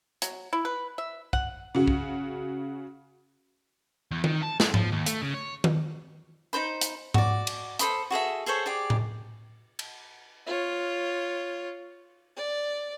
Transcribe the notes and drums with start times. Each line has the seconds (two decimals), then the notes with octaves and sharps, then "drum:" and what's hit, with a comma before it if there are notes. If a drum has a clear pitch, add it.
0.22 F#3, drum: hi-hat
0.53 E4
0.65 B4
0.98 E5
1.33 F#5, drum: kick B1
1.75 C#3 F#4
1.87 drum: kick B1
4.11 E2
4.24 D#3, drum: tom D#3
4.42 A5
4.60 C2, drum: snare
4.74 F3, drum: tom G#2
4.92 D#2
5.06 A3, drum: hi-hat
5.21 C#3
5.34 C#5
5.64 drum: tom D#3
6.53 D#4 A#4 C5 B5
6.81 drum: hi-hat
7.14 F#4 D5, drum: tom G#2
7.47 drum: cymbal
7.79 A4 C5 B5 D#6, drum: hi-hat
8.10 F#4 G#4 A4 E5
8.46 G#4 A4 C5 C#5
8.66 G4 G#4 D5
8.90 drum: tom A2
9.79 drum: cymbal
10.47 F4 C#5
12.37 D5